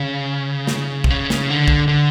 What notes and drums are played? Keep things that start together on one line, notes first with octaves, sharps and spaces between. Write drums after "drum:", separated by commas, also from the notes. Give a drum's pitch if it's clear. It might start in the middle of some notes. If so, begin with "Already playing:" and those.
Already playing: C#3
drum: snare
C3, drum: kick
C#3
drum: snare
D3
drum: kick
D3